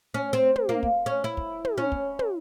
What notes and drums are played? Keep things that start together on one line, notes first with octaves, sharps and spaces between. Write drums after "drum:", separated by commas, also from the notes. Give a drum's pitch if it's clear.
C#4
C4
drum: tom
A#3
drum: kick
C#4
E4
drum: kick
drum: tom
C#4
drum: kick
drum: tom